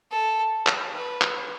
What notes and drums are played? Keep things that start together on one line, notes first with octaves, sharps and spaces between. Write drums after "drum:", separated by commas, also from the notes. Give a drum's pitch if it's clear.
A4
drum: clap
B4
drum: clap